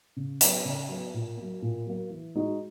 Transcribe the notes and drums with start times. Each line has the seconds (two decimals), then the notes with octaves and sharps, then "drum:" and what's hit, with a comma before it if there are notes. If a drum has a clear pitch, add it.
0.16 C#3
0.41 F#3 B3, drum: hi-hat
0.65 C#3
0.89 F#3 B3
1.14 A#2
1.37 F#3 A#3
1.62 A#2
1.87 F#3 A#3
2.10 E3
2.35 G#3 D#4 F#4